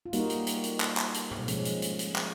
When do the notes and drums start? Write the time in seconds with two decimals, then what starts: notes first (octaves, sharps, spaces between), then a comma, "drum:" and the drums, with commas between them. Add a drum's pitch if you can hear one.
0.06 F4
0.13 G3 A#3 D#4 F#4, drum: hi-hat
0.30 drum: hi-hat
0.47 drum: hi-hat
0.64 drum: hi-hat
0.80 drum: clap
0.97 drum: clap
1.14 drum: hi-hat
1.31 drum: tom
1.48 F3 G#3 C#4, drum: hi-hat
1.65 drum: hi-hat
1.82 drum: hi-hat
1.99 drum: hi-hat
2.16 drum: clap